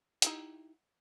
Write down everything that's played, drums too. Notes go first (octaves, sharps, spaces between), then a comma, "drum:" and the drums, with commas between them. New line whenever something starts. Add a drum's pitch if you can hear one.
D#4 E4 G4, drum: hi-hat